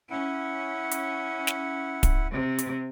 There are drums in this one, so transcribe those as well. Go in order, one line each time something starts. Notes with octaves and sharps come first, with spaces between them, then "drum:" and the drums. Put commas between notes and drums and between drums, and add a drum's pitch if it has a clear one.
C#4 E4 F#5
drum: hi-hat
drum: snare
drum: kick D1, hi-hat
C3
drum: hi-hat